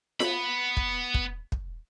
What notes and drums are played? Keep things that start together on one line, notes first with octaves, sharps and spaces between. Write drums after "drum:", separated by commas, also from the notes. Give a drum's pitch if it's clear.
B3 B5, drum: snare F4
drum: kick
drum: kick
drum: kick